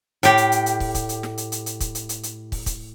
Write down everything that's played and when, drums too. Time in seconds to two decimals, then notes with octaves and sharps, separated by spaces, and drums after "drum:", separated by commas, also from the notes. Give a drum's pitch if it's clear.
0.23 A2 G4, drum: hi-hat
0.37 drum: hi-hat
0.52 drum: hi-hat
0.66 drum: hi-hat
0.80 drum: kick, open hi-hat
0.95 drum: kick, hi-hat
1.09 drum: hi-hat
1.23 drum: snare
1.38 drum: hi-hat
1.52 drum: hi-hat
1.66 drum: hi-hat
1.80 drum: kick, hi-hat
1.95 drum: hi-hat
2.09 drum: hi-hat
2.23 drum: hi-hat
2.52 drum: kick, open hi-hat
2.66 drum: kick, hi-hat